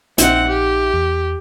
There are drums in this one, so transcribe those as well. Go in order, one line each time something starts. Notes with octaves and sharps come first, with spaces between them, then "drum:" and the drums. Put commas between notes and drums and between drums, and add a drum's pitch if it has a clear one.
A#1 C4 D#4 E5 F#5, drum: hi-hat
G4
E2